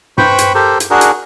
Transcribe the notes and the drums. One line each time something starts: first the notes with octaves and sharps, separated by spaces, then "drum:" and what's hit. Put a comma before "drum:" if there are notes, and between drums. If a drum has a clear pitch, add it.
B4 C5 G5 B5 C#6, drum: tom G2
drum: hi-hat
G4 A4 A#4 C5
drum: hi-hat
D4 F#4 G#4 A#4
drum: hi-hat